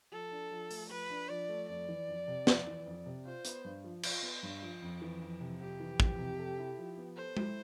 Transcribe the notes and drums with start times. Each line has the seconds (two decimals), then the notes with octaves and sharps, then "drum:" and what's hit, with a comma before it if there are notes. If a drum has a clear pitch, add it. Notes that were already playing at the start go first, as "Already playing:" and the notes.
0.12 F3 A4
0.31 D4
0.51 F3
0.71 A3, drum: open hi-hat
0.90 F3 B4
1.10 D4
1.29 F3 D5
1.49 A3
1.69 F2 D5
1.88 E3
2.07 F2
2.28 C3
2.47 F2, drum: snare
2.67 E3
2.86 F2
3.06 C3
3.25 F4 C5
3.45 B3, drum: hi-hat
3.65 G2
3.84 F3
4.03 F4, drum: cymbal
4.23 B3
4.43 G2
4.62 F3
4.82 F2
5.02 E3
5.21 F2
5.41 C3
5.61 F2 G4
5.80 E3
6.00 F2, drum: kick
6.19 C3
6.39 A4
6.58 E4
6.78 F3
6.98 B3
7.17 A4 C5
7.37 E4, drum: tom G#3